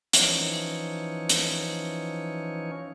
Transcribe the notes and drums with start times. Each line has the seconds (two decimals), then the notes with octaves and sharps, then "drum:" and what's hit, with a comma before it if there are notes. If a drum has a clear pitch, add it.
0.13 E3 F3 C#4 D#4 C#5, drum: hi-hat
1.29 drum: hi-hat